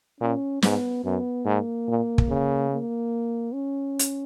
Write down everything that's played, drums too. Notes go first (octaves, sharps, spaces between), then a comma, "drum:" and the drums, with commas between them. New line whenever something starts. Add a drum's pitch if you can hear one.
A#2 C#4
G#2 B3, drum: snare
F#2 B3
G#2 A#3
A#2
drum: kick
C#3
A#3
C#4
drum: hi-hat